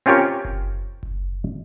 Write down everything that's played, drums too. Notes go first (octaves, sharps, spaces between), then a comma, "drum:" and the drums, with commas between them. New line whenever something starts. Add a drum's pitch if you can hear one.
C4 C#4 F4 G4 A#4 C#5
drum: kick F#1
drum: kick F#1